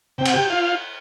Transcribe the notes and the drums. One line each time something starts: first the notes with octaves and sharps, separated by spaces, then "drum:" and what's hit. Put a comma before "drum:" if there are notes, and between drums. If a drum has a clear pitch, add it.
C3 G5
F#5, drum: cymbal
G4 G5
F4 F5